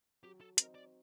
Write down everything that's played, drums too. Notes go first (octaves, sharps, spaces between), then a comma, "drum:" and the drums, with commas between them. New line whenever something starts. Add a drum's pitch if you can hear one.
F#3 G4
A4
C4 D#4 A#4, drum: hi-hat
D5